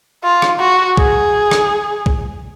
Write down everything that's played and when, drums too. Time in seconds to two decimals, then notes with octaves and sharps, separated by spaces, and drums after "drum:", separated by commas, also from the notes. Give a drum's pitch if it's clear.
0.24 F4
0.42 drum: rim click
0.60 F#4
0.97 G#4, drum: kick
1.51 drum: rim click
2.06 drum: kick